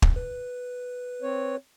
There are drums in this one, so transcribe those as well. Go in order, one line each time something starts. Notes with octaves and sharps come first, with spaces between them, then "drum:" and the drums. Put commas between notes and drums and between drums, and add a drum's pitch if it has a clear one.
drum: kick
B4
C4 C#5